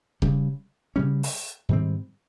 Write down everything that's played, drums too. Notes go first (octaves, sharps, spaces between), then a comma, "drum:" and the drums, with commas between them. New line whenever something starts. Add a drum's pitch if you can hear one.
C#3 G3 C#4, drum: kick D#1
C#3 G3 C#4
drum: open hi-hat
G#2 D#3 G3 C4